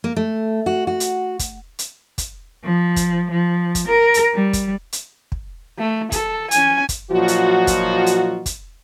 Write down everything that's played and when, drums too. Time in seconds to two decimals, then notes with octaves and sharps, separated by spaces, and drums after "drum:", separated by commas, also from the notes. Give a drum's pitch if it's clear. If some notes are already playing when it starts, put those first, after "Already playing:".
0.04 A#3
0.16 A3
0.66 F#4
0.87 F#4
1.00 drum: hi-hat
1.39 drum: kick, hi-hat
1.79 drum: hi-hat
2.18 drum: kick, hi-hat
2.64 F3
2.96 drum: kick, hi-hat
3.30 F3
3.75 drum: kick, hi-hat
3.86 A#4
4.14 drum: hi-hat
4.34 G3
4.53 drum: kick, hi-hat
4.93 drum: hi-hat
5.32 drum: kick
5.78 A3
6.12 A4, drum: kick, hi-hat
6.51 C#4 G#5, drum: hi-hat
6.89 drum: kick, hi-hat
7.10 A#2 F3 F#3 D#4 F4 F#4
7.28 drum: hi-hat
7.67 drum: kick, hi-hat
8.06 drum: hi-hat
8.46 drum: kick, hi-hat